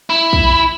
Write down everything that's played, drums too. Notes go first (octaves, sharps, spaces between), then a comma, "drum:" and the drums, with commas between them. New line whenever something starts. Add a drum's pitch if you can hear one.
E4
drum: kick